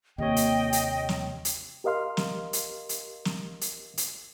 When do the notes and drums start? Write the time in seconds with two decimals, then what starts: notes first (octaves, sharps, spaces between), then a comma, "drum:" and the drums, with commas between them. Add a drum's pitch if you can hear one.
0.18 D#2 C3 A#3 C#5 D#5 G5
0.36 drum: hi-hat
0.73 drum: hi-hat
1.09 drum: snare
1.45 drum: hi-hat
1.84 G4 A#4 D#5 F5 C6 F6
2.17 drum: snare
2.53 drum: hi-hat
2.89 drum: hi-hat
3.25 drum: snare
3.61 drum: hi-hat
3.97 drum: hi-hat